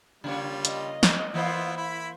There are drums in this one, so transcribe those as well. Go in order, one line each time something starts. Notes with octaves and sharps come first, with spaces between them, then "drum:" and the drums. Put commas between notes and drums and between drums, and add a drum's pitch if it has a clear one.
C#3 G3 A#3 F4 C#5
D#5, drum: hi-hat
drum: snare
E3 A#3 B3 E4 F4 C5
E4 B5